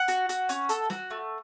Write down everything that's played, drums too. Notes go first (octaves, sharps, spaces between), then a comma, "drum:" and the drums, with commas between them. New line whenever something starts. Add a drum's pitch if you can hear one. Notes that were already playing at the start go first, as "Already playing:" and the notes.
Already playing: F#5
F#4, drum: hi-hat
F#4, drum: hi-hat
C#4, drum: hi-hat
A4, drum: hi-hat
F#4, drum: snare
A3